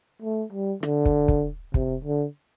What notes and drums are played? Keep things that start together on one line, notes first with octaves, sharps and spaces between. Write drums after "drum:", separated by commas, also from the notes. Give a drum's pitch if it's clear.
A3
G3
D3, drum: rim click
drum: kick
drum: kick
C3, drum: kick
D3